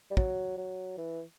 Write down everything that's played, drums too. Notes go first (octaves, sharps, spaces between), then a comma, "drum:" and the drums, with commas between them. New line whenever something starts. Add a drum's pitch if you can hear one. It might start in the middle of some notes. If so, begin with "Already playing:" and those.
G3
F#3, drum: kick
F#3
E3